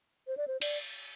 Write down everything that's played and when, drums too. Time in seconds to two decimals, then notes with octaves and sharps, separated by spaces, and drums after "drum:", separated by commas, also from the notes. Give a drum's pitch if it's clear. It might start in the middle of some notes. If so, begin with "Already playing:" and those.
0.27 C5
0.37 D5
0.48 C5
0.62 D5, drum: cymbal